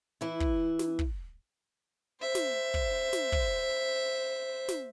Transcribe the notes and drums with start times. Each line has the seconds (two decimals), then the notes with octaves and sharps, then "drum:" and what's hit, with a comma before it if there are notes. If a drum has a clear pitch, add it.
0.21 E3 E4
0.40 drum: kick
0.79 drum: snare
0.99 drum: kick
2.21 C5 E5
2.35 drum: snare
2.74 drum: kick
3.13 drum: snare
3.32 drum: kick
4.69 drum: snare